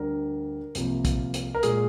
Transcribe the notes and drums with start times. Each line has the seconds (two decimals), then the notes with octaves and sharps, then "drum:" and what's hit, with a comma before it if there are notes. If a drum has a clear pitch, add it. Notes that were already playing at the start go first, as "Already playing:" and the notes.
Already playing: D2 D3 G3 A#4
0.75 C2 C3 F3 A#3, drum: hi-hat
1.05 drum: kick, hi-hat
1.34 drum: hi-hat
1.55 A#4
1.63 A#2 G#3 G#4, drum: hi-hat